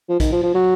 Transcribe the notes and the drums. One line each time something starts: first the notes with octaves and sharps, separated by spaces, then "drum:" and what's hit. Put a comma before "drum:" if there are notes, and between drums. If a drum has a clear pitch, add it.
F3
D#3, drum: kick A#1, hi-hat
F3
F3
F#3